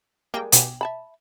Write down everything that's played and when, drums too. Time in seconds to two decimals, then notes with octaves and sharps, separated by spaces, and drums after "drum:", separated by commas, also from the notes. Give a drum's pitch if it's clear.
0.34 G3 G#3 A#3 G5
0.52 B2 G4 G#5, drum: hi-hat
0.81 E5 A5 B5